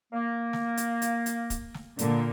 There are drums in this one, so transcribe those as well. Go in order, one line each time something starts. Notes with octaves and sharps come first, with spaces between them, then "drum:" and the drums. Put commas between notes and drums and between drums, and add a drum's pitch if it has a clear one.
A#3
drum: snare
drum: hi-hat
drum: hi-hat
drum: hi-hat
drum: kick, hi-hat
drum: snare
A#2 D3 A#3, drum: hi-hat